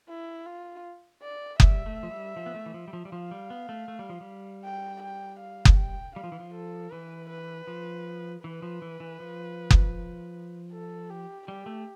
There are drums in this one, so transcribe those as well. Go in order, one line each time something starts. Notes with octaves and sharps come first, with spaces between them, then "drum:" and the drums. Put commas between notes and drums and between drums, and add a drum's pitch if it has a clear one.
E4
F4
D5
G3 E5, drum: kick F#1
A3
F3
G3
F3
B3
A3
E3
F3
G3
F3
G3
F3 F5
G3
B3
A3
A3
G3
F3
G3
G5
G5
F5
drum: kick F#1
G5
G3 F5
F3
E3
F3
A4
E3 B4
B4
F3
E3 B4
F3
E3
E3
F3
drum: kick F#1
A4
G4
G3 G4
A3